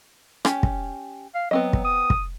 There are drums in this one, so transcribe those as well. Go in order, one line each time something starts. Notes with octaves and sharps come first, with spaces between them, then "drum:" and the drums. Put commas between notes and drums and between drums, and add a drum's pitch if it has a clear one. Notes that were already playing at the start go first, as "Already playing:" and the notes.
C#4 G4, drum: rim click
drum: kick
F5
F#3 B3 C4 D#5
drum: kick
D#6
drum: kick